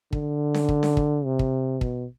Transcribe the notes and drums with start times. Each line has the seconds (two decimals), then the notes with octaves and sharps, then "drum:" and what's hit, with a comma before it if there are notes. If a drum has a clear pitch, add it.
0.13 D3, drum: kick
0.54 drum: snare C#4
0.69 drum: kick
0.83 drum: snare C#4
0.97 drum: kick
1.25 C3
1.39 drum: kick
1.81 B2, drum: kick